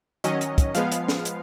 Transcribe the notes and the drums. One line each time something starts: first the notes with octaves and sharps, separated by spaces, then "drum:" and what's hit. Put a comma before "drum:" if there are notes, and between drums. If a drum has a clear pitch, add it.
D#3 F#3 C#4 D#5, drum: hi-hat
drum: hi-hat
drum: kick, hi-hat
F3 G#3 B3 F5, drum: hi-hat
drum: hi-hat
drum: snare
drum: hi-hat